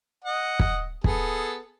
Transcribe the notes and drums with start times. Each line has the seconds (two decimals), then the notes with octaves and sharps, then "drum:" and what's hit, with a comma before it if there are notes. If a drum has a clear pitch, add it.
0.24 D#5 F#5
0.60 drum: kick
1.04 B3 G#4 A4, drum: kick